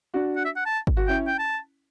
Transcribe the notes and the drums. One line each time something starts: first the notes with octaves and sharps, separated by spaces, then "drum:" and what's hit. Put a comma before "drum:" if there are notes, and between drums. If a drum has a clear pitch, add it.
D4 F#4
F#5
E5
F#5
A5
drum: kick
F#4
C#4 E4 G5
G5
A5